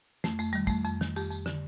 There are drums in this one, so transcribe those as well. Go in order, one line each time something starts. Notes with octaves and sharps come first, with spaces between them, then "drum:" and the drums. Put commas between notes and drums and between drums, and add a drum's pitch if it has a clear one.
F2 A3, drum: snare
F2 A3, drum: tambourine
D#3 G3, drum: tambourine
F2 A3, drum: kick, tambourine
F2, drum: tambourine
D#3, drum: snare
F2 G4, drum: tambourine
F2, drum: tambourine
D3, drum: snare